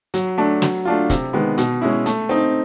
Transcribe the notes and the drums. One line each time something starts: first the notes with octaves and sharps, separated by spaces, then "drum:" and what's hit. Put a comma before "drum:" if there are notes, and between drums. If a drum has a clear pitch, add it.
F#3, drum: hi-hat
A3 D4
F#3, drum: snare
A3 D4 F4
C3, drum: kick, hi-hat
D#3 G#3 B3
B2, drum: hi-hat
G#3 C#4 E4
A3, drum: hi-hat
C4 D#4